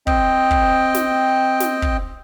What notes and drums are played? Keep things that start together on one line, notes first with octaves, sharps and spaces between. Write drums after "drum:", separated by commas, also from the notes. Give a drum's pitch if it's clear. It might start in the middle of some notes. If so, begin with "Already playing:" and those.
C4 D#5 G5, drum: kick
drum: kick
drum: snare
drum: snare
drum: kick